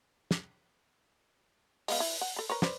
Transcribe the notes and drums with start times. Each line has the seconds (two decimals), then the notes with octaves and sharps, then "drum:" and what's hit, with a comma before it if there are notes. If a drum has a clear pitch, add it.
0.31 drum: snare
1.88 G#3 B3 F5, drum: open hi-hat
2.00 E4
2.21 F#5
2.36 A4 B5
2.49 A#4 B4 C#5
2.62 B4 C5 D5, drum: snare